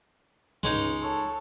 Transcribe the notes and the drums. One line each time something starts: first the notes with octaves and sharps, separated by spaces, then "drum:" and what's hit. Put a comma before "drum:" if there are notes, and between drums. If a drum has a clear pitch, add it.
C#2 G#3 C#4 D#4, drum: tom G2
A4 C#5